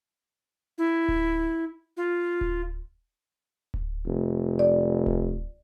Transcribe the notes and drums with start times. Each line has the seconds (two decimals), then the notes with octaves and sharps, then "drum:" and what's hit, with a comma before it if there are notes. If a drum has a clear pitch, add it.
0.78 E4
1.08 drum: kick D1
1.97 F4
2.41 drum: kick D1
3.74 drum: kick D1
4.06 F1
4.59 D5
5.06 drum: kick D1